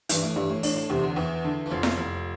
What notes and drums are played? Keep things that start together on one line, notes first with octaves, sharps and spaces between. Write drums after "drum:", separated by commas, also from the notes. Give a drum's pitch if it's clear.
G2 E3, drum: hi-hat
A2
G2 E3
A2
A2 D4, drum: open hi-hat
A2
E2 C3
D3
E2 E3
D3
E3
F1 F3
drum: snare E4
F1